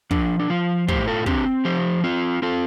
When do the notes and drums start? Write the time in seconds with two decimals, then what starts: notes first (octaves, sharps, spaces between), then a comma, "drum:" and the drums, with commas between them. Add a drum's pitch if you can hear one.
0.11 F3 D4, drum: kick
0.39 D4
0.50 F3 F4
0.88 A2 G4 C5, drum: kick
1.07 F4 A4
1.26 C4 D4 G4, drum: kick
1.65 F3 G4 C5
2.03 C4 F4
2.42 C4 F4 A4